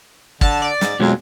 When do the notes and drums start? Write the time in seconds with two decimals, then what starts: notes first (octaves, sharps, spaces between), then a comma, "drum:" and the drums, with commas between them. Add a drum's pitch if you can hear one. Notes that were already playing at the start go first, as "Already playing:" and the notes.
0.41 D3 A5, drum: kick G#1
0.62 D5
0.81 G#2, drum: snare
1.00 F2 B2 F#3 G#3